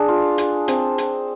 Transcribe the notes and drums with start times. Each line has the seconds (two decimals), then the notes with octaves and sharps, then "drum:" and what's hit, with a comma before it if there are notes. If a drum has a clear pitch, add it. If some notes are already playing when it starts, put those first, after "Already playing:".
Already playing: D4 G#4
0.08 F4
0.38 drum: hi-hat
0.68 C4, drum: hi-hat
0.98 drum: hi-hat